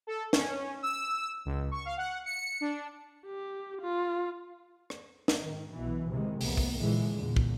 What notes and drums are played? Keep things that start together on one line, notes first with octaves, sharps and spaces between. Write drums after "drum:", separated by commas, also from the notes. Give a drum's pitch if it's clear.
A4
C#4, drum: snare
E6
C#2
C#6
F5
F#5
C#7
D4
G4
F4
drum: rim click
drum: snare
G#2 D#3
B1 B2 E3
C3 D#3 E3 G#3
F1 C2 F2 A#3 B3, drum: open hi-hat
drum: kick
A#2 D3 E3 F3 G#3
E2 A#2 D3
drum: kick